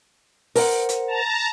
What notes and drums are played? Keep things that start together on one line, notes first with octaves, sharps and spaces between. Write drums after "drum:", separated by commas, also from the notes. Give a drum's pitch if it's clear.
A#4 C5 F#5, drum: open hi-hat
drum: hi-hat
A5 A#5